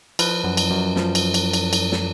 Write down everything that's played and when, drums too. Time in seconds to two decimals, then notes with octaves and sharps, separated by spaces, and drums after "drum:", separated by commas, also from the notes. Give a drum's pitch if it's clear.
0.19 F3 B4, drum: cymbal
0.44 F#2
0.57 drum: cymbal
0.70 F#2
0.96 F3, drum: snare
1.15 drum: cymbal
1.34 drum: cymbal
1.53 drum: cymbal
1.73 drum: cymbal
1.92 drum: snare